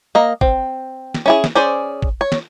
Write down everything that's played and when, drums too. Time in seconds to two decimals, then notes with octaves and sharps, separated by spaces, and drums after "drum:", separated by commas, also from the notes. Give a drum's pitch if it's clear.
0.15 A#3 D#5
0.41 C4, drum: kick
1.14 drum: snare
1.26 C#4 E4 G#4
1.44 drum: snare
1.55 C#4 G#4 C5 D5
2.02 drum: kick
2.21 C#5
2.32 drum: snare